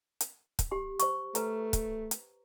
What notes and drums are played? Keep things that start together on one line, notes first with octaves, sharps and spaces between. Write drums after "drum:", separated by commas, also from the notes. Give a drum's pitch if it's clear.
drum: hi-hat
drum: kick, hi-hat
G4 C6
C5 C#6, drum: hi-hat
A3 B4 A#5, drum: hi-hat
drum: kick, hi-hat
drum: hi-hat